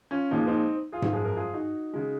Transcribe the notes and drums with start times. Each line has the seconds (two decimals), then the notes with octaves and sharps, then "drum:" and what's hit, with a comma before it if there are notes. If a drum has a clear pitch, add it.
0.11 C#4 F4
0.31 A#2 F3 G#3 D#4
0.39 F4
0.47 C4 D#4
0.92 F4 G#4
1.02 drum: tom G#2
1.12 F#2 F3 G#3 G#4
1.25 A#4
1.36 F4 G#4
1.54 D#4 F#4
1.94 C#3 G#3